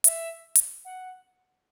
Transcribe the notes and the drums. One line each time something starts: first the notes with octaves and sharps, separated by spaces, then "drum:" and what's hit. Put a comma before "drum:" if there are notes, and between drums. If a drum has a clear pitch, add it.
E5, drum: hi-hat
drum: hi-hat
F#5